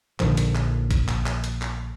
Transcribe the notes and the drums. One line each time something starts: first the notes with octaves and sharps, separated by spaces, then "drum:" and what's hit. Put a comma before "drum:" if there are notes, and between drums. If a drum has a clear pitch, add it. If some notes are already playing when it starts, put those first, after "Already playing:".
A#1 D3 D#3 F3, drum: clap
drum: hi-hat
drum: clap
drum: kick, hi-hat
drum: clap
drum: clap
drum: hi-hat
drum: clap